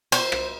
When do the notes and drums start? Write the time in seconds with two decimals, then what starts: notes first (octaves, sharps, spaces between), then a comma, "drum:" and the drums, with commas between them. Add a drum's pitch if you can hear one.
0.12 C5, drum: cymbal
0.32 drum: rim click